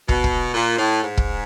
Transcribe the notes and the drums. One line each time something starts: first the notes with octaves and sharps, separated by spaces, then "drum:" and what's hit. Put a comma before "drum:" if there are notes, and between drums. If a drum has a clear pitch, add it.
B2, drum: kick
drum: kick
A#2
A2
G#2
drum: kick